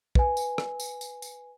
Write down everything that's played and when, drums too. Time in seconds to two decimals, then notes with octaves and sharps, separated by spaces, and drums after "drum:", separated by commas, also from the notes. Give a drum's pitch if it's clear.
0.15 B4 G#5, drum: kick
0.37 drum: tambourine
0.58 drum: rim click
0.80 drum: tambourine
1.01 drum: tambourine
1.22 drum: tambourine